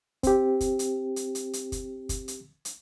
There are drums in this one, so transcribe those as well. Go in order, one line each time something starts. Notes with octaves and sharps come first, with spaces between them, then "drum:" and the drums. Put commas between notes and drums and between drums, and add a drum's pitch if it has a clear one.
C4 G4, drum: kick, hi-hat
drum: kick, hi-hat
drum: hi-hat
drum: hi-hat
drum: hi-hat
drum: hi-hat
drum: kick, hi-hat
drum: kick, hi-hat
drum: hi-hat
drum: hi-hat